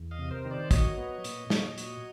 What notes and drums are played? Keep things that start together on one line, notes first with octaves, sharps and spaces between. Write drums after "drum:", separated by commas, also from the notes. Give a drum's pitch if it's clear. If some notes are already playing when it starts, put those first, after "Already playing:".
Already playing: E2
D#5 F5
C3
A#4 C5
D#3
C5 D5
F#3 C#5 D#5, drum: kick, hi-hat
B3
A#2, drum: hi-hat
A#2, drum: snare
F#3, drum: hi-hat